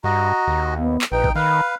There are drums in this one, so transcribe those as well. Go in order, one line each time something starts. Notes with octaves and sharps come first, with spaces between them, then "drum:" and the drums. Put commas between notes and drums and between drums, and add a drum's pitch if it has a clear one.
G2 F#4 D#5 A#5
D#2
B3
drum: clap
A#1 D#4 B4 G5
drum: kick A1
D#3 B4 F5 B5